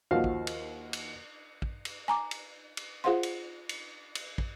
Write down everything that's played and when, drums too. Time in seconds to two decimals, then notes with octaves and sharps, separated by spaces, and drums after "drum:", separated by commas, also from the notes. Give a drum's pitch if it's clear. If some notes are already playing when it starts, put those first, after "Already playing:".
0.11 D#2 F3 F#4 F5
0.24 drum: kick
0.47 drum: cymbal
0.93 drum: cymbal
1.62 drum: kick
1.85 drum: cymbal
2.08 G#5 A#5 D6
2.31 drum: cymbal
2.77 drum: cymbal
3.04 F4 G#4 C5 F5 F#5 C6
3.23 drum: cymbal
3.69 drum: cymbal
4.15 drum: cymbal
4.38 drum: kick